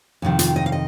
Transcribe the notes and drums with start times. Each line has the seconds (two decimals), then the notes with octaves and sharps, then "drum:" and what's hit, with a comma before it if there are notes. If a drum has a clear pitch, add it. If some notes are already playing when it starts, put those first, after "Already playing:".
0.22 F2 C3 D#3
0.39 F4, drum: hi-hat
0.56 D#5
0.66 F5
0.72 D#5